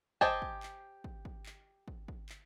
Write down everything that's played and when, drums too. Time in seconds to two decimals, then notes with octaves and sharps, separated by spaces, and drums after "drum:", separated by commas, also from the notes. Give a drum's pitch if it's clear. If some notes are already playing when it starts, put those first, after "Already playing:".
0.21 G4 C5 D#5 G#5 A5, drum: kick
0.42 drum: kick
0.63 drum: clap
1.04 drum: kick
1.25 drum: kick
1.46 drum: clap
1.88 drum: kick
2.08 drum: kick
2.29 drum: clap